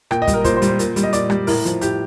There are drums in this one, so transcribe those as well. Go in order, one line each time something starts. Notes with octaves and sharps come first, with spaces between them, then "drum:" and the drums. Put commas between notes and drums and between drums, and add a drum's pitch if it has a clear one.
A#2 G5, drum: rim click
D#5
G3, drum: kick, hi-hat
A#4
A#2 C5, drum: kick, hi-hat
C5
G3, drum: hi-hat
C5
A#2, drum: hi-hat
G3, drum: hi-hat
D#5
A#2 D5, drum: hi-hat
G3, drum: rim click
A2 A#4, drum: open hi-hat
F3, drum: hi-hat
A2 G4, drum: hi-hat